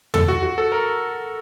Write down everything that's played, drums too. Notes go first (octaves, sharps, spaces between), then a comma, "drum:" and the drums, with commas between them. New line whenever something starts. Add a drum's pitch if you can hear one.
A4, drum: tom E2
F#4
F#4
A4
A#4